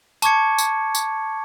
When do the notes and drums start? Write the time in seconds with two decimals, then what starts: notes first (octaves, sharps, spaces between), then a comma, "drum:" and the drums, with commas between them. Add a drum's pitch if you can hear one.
0.22 A5 C#6 D6 G#6 C#7, drum: tambourine
0.58 drum: tambourine
0.95 drum: tambourine